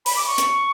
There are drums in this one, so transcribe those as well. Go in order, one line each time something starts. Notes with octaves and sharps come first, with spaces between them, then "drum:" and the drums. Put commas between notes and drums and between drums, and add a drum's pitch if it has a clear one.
B5, drum: open hi-hat
D6
C#6
drum: hi-hat